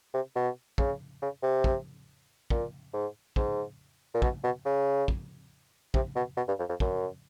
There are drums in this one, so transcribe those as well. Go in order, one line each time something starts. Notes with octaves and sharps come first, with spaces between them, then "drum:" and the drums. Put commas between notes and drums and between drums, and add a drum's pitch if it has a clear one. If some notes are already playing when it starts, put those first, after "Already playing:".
C3
B2
C#3, drum: kick
C#3
C3
drum: kick
A#2, drum: kick
G#2
G#2, drum: kick
A#2
B2, drum: kick
B2
C#3
drum: kick
C3, drum: kick
B2
B2
G2
F2
F2
F#2, drum: kick